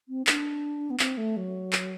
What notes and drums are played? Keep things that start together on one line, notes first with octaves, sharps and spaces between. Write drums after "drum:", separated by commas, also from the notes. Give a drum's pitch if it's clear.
C4
D4, drum: clap
B3
C4, drum: clap
A3
F#3
drum: clap